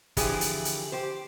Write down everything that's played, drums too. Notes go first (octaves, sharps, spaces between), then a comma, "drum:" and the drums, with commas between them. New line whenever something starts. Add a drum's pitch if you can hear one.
D3 E3 F3 E4 G4 G#4, drum: kick, hi-hat
drum: hi-hat
drum: hi-hat
G4 C5